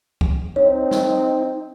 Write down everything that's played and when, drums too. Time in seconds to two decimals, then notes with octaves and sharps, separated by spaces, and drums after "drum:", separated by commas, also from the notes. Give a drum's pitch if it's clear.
0.21 drum: kick
0.56 C4 D#4 C#5
0.91 drum: snare